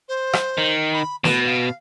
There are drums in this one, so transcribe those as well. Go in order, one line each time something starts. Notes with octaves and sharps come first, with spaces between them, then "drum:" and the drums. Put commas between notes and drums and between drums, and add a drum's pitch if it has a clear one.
C5
drum: rim click
D#3
B5
B2 B4, drum: snare
F5